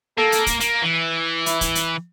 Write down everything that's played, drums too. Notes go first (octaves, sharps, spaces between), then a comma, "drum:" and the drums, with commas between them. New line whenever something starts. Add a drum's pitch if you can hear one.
A#3 A4
drum: hi-hat
drum: kick, hi-hat
A#3, drum: hi-hat
E3
E4, drum: hi-hat
drum: kick, hi-hat
drum: hi-hat